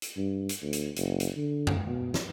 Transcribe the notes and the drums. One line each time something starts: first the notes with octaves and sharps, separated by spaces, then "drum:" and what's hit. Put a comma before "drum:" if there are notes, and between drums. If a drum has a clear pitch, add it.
drum: hi-hat
G2
drum: hi-hat
D2
drum: hi-hat
F#1, drum: hi-hat
drum: hi-hat
D3
drum: tom F#2
B2
drum: snare